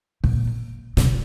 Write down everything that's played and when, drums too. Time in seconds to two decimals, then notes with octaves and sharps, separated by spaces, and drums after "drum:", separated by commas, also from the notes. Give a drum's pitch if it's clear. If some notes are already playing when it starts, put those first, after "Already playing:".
0.24 A#2, drum: kick
0.97 C3, drum: snare